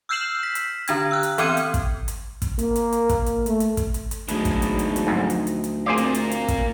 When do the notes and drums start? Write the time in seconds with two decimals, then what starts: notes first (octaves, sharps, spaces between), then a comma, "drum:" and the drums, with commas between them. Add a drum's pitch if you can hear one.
0.09 E6 F6 G6 C7 E7 F#7
0.43 B6
0.55 drum: hi-hat
0.88 D3 D4 G#6, drum: hi-hat
1.11 E6 F#6
1.23 drum: hi-hat
1.38 E3 B3 C4 F6 G#6 D#7, drum: hi-hat
1.57 drum: hi-hat
1.74 drum: kick, hi-hat
2.08 drum: hi-hat
2.42 drum: kick, hi-hat
2.59 A#3, drum: hi-hat
2.76 drum: hi-hat
2.93 drum: hi-hat
3.09 drum: kick, hi-hat
3.26 drum: hi-hat
3.46 A3, drum: hi-hat
3.60 drum: hi-hat
3.77 drum: kick, hi-hat
3.94 drum: hi-hat
4.11 drum: hi-hat
4.28 D2 B2 F#3 G#3 D#4, drum: hi-hat
4.45 drum: kick, hi-hat
4.62 drum: hi-hat
4.79 drum: hi-hat
4.96 drum: hi-hat
5.07 F2 G#2
5.30 drum: hi-hat
5.47 drum: hi-hat
5.64 drum: hi-hat
5.86 A3 A#3 C4 F4 G#4 C5 D5
5.98 drum: hi-hat
6.15 drum: hi-hat
6.31 drum: hi-hat
6.48 drum: kick, hi-hat